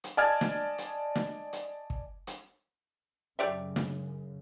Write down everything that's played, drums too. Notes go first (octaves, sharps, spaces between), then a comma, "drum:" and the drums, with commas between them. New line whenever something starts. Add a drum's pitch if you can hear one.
drum: hi-hat
D5 D#5 G#5 A5 F6 G#6
drum: snare
drum: hi-hat
drum: snare
drum: hi-hat
drum: kick
drum: hi-hat
F#2 C#3 G4 D5 E5
drum: snare